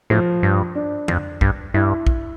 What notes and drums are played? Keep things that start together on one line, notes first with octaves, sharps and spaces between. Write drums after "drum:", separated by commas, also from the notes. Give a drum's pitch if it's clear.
A2 F3
G2
D4
F2, drum: tom F2
G2, drum: kick
G2 E4
drum: kick